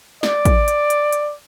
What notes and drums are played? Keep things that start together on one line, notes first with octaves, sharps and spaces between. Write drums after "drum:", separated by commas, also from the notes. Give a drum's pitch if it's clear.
D5, drum: snare
drum: kick, hi-hat
drum: hi-hat
drum: hi-hat
drum: hi-hat